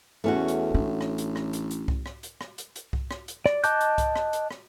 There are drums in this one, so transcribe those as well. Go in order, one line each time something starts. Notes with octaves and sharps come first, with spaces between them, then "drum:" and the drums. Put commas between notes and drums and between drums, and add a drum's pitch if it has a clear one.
E2 A3 C#4 F#4
drum: hi-hat
A1 D4
drum: rim click
drum: hi-hat
drum: rim click
drum: hi-hat
drum: hi-hat
drum: kick C2
drum: rim click
drum: hi-hat
drum: rim click
drum: hi-hat
drum: hi-hat
drum: kick C2
drum: rim click
drum: hi-hat
D5, drum: rim click
D#5 A5 D6 F#6 G6, drum: hi-hat
drum: hi-hat
drum: kick C2, hi-hat
drum: rim click
drum: hi-hat
drum: rim click